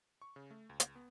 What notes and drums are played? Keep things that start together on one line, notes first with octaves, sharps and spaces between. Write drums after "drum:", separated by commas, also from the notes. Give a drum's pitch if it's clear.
C#6
C#3
A3
C#2
drum: hi-hat
B3